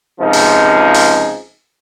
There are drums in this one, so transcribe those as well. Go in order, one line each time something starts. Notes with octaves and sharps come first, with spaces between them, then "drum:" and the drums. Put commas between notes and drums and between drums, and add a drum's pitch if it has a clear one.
C#2 C3 F3 D#4 G#4
drum: open hi-hat
drum: open hi-hat